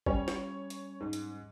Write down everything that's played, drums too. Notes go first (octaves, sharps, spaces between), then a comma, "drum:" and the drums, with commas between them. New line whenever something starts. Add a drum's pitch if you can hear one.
G3 C#4 C#5, drum: kick
drum: snare
drum: hi-hat
G#2
drum: hi-hat